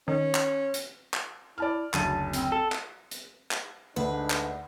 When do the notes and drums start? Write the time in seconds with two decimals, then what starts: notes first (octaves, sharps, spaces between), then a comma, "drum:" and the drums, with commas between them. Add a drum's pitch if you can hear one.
0.08 D#3 C#4
0.34 drum: clap
0.74 drum: hi-hat
1.14 drum: clap
1.58 E4 D5 A5 F6
1.94 F#1 D2 A5 D#7, drum: clap
2.33 C4, drum: hi-hat
2.52 A4
2.72 drum: clap
3.11 drum: hi-hat
3.51 drum: clap
3.96 D2 G#2 D3 D4 B4
4.30 drum: clap